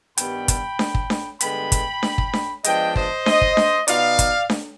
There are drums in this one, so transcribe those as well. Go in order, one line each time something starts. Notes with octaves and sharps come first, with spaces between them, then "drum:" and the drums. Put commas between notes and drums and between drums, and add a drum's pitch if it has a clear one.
G2 D#3 G3 B3 G5 B5, drum: hi-hat
drum: kick, hi-hat
drum: snare D4
drum: kick
drum: snare D4
G2 D3 G#3 B3 G5 B5, drum: hi-hat
drum: kick, hi-hat
drum: snare D4
drum: kick
drum: snare D4
F3 G#3 B3 D4 D#5 G5, drum: hi-hat
C5 D#5, drum: kick
C5 D#5, drum: snare D4
drum: kick
drum: snare D4
B2 B3 D#4 D5 F5, drum: hi-hat
drum: kick, hi-hat
drum: snare D4